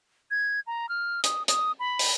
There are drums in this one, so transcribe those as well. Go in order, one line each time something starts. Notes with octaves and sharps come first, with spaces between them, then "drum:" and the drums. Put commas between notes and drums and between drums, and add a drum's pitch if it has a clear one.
G#6
A#5
F6
D#6, drum: hi-hat
D#6, drum: hi-hat
B5
drum: open hi-hat